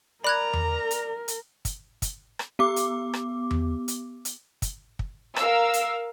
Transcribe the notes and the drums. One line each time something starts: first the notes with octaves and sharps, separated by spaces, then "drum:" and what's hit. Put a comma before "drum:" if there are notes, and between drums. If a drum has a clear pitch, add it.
A#4 D5 A#5 B5 F#6 G#6
drum: tom E2
drum: hi-hat
drum: hi-hat
drum: kick, hi-hat
drum: kick, hi-hat
drum: rim click
B3 G4 D6
drum: hi-hat
drum: rim click
drum: tom E2
drum: hi-hat
drum: hi-hat
drum: kick, hi-hat
drum: kick
A#4 F5 E6, drum: rim click
drum: hi-hat